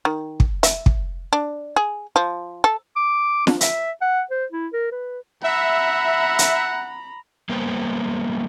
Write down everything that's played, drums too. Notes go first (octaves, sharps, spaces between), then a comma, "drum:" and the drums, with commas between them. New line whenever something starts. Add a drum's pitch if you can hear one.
D#3
drum: kick
E5, drum: hi-hat
drum: kick
D4
G#4
F3
A4
D6
D4, drum: snare
E5, drum: hi-hat
F#5
C5
E4
A#4
B4
E5 F#5 A#5 B5
drum: hi-hat
G3 A#3 B3 B4 C5